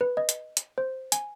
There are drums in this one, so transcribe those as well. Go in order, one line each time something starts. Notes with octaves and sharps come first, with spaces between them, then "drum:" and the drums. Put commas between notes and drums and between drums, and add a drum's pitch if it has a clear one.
B4
D#5
drum: hi-hat
drum: hi-hat
C5
G#5, drum: hi-hat